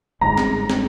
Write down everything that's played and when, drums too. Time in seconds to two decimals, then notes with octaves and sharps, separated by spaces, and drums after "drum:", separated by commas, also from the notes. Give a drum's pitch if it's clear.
0.21 G1 G#2 G#3 A#5
0.37 drum: snare
0.70 drum: snare